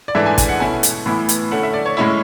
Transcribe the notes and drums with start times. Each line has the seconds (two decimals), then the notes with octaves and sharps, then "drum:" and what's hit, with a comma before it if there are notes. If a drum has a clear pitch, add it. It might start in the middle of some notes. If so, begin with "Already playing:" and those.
0.08 D5
0.15 G#2 E3 A3 D4 E5
0.26 G#5
0.38 G#5, drum: kick, hi-hat
0.49 F#5
0.60 B2 A3 C#4 E4 G#5
0.83 drum: hi-hat
1.06 A2 E3 B3 E4
1.29 drum: hi-hat
1.51 D3 A3 C#4 E4 F#5
1.63 E5
1.74 D5
1.86 C#5
1.97 A2 G#3 C#4 E4